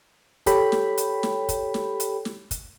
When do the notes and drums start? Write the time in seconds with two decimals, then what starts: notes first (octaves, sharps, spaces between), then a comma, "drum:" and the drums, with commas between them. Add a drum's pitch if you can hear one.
0.46 G4 A4 C#5 G5 B5, drum: kick, hi-hat
0.72 drum: snare
0.97 drum: hi-hat
1.23 drum: snare
1.49 drum: kick, hi-hat
1.74 drum: snare
2.00 drum: hi-hat
2.25 drum: snare
2.51 drum: kick, hi-hat